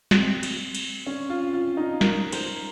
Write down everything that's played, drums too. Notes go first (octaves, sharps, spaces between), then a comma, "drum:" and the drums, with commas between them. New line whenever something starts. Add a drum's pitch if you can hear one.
C4, drum: snare
drum: cymbal
drum: cymbal
C#4
F4
F4
D#4
A#4, drum: snare
C5, drum: cymbal